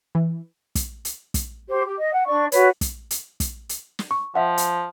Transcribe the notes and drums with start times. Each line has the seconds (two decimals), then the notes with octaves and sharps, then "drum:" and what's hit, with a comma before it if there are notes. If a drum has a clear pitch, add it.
0.15 E3
0.75 drum: kick, hi-hat
1.05 drum: hi-hat
1.34 drum: kick, hi-hat
1.68 G4 C5
1.84 G4
1.98 D#5
2.13 F#5
2.27 D4 D5 C#6
2.52 F#4 B4 C#5, drum: hi-hat
2.81 drum: kick, hi-hat
3.11 drum: hi-hat
3.40 drum: kick, hi-hat
3.69 drum: hi-hat
3.99 drum: snare
4.11 C#6
4.35 F3 E5 F#5
4.58 drum: hi-hat